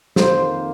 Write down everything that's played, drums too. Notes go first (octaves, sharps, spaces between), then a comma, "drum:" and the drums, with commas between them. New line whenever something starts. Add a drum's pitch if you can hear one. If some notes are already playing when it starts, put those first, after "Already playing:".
F2 D#3 A#3 C5, drum: snare